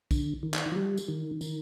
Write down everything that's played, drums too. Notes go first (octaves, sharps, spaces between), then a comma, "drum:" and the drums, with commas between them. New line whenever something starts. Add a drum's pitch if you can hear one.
D3, drum: kick, tambourine
D#3
drum: clap
F3
G3
drum: tambourine
D#3
D#3, drum: tambourine